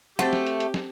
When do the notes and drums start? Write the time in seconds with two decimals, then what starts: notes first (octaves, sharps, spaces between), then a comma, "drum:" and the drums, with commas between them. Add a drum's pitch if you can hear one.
0.19 A3 C4 F#4 G4 C5 A6, drum: snare
0.33 drum: snare
0.47 drum: hi-hat
0.60 drum: hi-hat
0.74 drum: snare